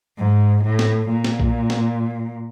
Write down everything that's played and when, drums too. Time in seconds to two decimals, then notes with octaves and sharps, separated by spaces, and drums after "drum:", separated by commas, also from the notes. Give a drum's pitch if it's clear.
0.18 G#2
0.64 A2
0.79 drum: snare
1.09 A#2
1.24 drum: snare
1.40 drum: kick A#1
1.70 drum: snare